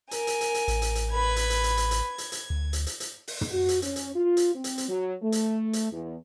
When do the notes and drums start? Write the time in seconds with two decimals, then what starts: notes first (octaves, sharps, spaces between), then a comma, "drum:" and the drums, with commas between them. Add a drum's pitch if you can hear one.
0.11 A#4 G#5, drum: hi-hat
0.27 drum: hi-hat
0.41 drum: hi-hat
0.54 drum: hi-hat
0.68 A1, drum: hi-hat
0.82 drum: hi-hat
0.95 drum: hi-hat
1.12 B4 B5 G#6
1.36 drum: hi-hat
1.50 drum: hi-hat
1.64 drum: hi-hat
1.77 drum: hi-hat
1.91 drum: hi-hat
2.09 G#6
2.18 drum: hi-hat
2.32 drum: hi-hat
2.50 D2
2.73 drum: hi-hat
2.87 drum: hi-hat
3.00 drum: hi-hat
3.28 drum: open hi-hat
3.41 drum: tom
3.50 F#4
3.68 drum: hi-hat
3.82 C#4, drum: hi-hat
3.96 drum: hi-hat
4.15 F4
4.37 drum: hi-hat
4.55 C4
4.64 drum: hi-hat
4.78 drum: hi-hat
4.88 F#3
5.23 A3
5.32 drum: hi-hat
5.73 drum: hi-hat
5.92 E2